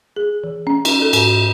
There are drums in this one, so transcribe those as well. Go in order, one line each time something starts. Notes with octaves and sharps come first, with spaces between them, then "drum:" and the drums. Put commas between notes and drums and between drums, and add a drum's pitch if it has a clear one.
G#4
E3
C#4
D#4, drum: cymbal
A4
G#2, drum: cymbal